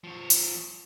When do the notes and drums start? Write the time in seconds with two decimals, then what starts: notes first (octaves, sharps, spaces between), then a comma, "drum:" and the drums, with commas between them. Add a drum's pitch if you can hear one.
0.04 F3 C#5
0.30 drum: hi-hat